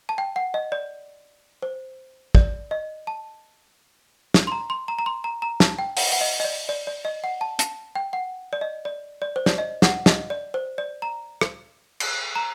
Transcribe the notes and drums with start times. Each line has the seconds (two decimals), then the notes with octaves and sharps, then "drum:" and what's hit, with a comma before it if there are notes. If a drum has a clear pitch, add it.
0.09 A5
0.18 G5
0.36 F#5
0.54 D#5
0.72 D5
1.62 C5
2.35 D5, drum: kick
2.71 D#5
3.07 A5
4.34 drum: snare
4.47 C6
4.52 A#5
4.70 C6
4.88 A#5
4.99 A#5
5.06 C6
5.24 A#5
5.42 A#5
5.60 A5, drum: snare
5.79 G5
5.97 F#5, drum: open hi-hat
6.12 F#5
6.21 D#5
6.40 D#5
6.44 D5
6.69 D5
6.87 D5
7.05 D#5
7.24 F#5
7.41 A5
7.59 A5, drum: hi-hat
7.95 G5
8.13 F#5
8.53 D5
8.61 D#5
8.85 D5
9.22 D5
9.36 C5
9.46 D5, drum: snare
9.58 D#5
9.82 F#5, drum: snare
10.06 D#5, drum: snare
10.30 D5
10.54 C5
10.78 D5
11.02 A#5
11.41 drum: rim click
12.00 drum: cymbal
12.36 A#5